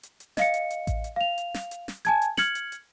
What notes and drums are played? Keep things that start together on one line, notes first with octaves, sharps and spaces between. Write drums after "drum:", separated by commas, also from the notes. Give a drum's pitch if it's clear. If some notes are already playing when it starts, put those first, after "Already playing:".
drum: hi-hat
drum: hi-hat
D#5 F5 C#7, drum: snare
drum: hi-hat
drum: hi-hat
drum: kick A1, hi-hat
drum: hi-hat
F5 F7
drum: hi-hat
drum: snare
drum: hi-hat
drum: snare
G#5 A5 G#6, drum: hi-hat
drum: hi-hat
F6 G#6 C#7 F#7, drum: snare
drum: hi-hat
drum: hi-hat